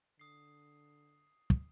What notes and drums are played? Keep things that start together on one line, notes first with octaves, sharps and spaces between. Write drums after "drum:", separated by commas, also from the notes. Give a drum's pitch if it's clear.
D3 D#6 C7
drum: kick